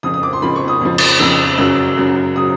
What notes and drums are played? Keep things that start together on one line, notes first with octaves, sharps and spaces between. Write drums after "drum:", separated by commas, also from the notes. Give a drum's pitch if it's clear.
F2 C#3 F3 D#6
D#6
D6
C6
F2 C#3 F3 B5
C#6
D#6
F2 C#3 F3
drum: cymbal
F2 C#3 F3 E6
F#2 C#3 F#3 E6
F#2 C#3 F#3
C#3 F#3 D#6